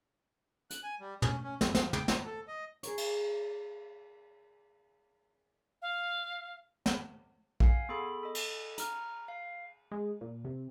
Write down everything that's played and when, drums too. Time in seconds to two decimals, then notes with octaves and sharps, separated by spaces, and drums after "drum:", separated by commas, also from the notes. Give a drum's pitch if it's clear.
0.70 F#6, drum: hi-hat
0.83 G#5
1.00 G3
1.22 C#4, drum: tom
1.43 C#4
1.61 F2, drum: snare
1.75 F3, drum: snare
1.93 G5, drum: tom
2.08 F#3, drum: snare
2.25 A4
2.48 D#5
2.83 G#4 A#4 C#5, drum: hi-hat
2.97 drum: cymbal
5.82 F5
6.86 drum: snare
7.60 F5 F#5 G#5, drum: kick
7.89 B3 G#4 A4 B5
8.23 A4 D#5
8.35 drum: cymbal
8.78 A#5 F6, drum: hi-hat
9.28 F5
9.91 G#3
10.21 A#2
10.45 C3